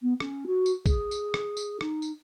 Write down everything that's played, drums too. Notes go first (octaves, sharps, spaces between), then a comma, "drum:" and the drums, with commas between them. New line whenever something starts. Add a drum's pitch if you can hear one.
B3
C#4, drum: rim click
F#4
drum: tambourine
G#4, drum: kick, tambourine
drum: tambourine
drum: rim click
drum: tambourine
D#4, drum: rim click
drum: tambourine